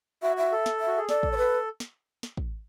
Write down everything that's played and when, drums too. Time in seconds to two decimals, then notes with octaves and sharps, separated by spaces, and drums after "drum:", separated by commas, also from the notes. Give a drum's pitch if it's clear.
0.22 F#4 E5
0.37 E5
0.52 A4
0.66 drum: snare
0.80 E5
0.87 F#4
0.98 G#4
1.09 A4 D5, drum: snare
1.23 drum: kick
1.32 C#5
1.37 B4
1.80 drum: snare
2.23 drum: snare
2.37 drum: kick